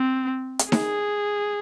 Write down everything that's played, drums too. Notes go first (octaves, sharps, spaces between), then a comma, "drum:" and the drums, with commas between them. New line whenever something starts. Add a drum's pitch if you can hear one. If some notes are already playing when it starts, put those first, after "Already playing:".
Already playing: C4
drum: hi-hat
G#4, drum: snare D#4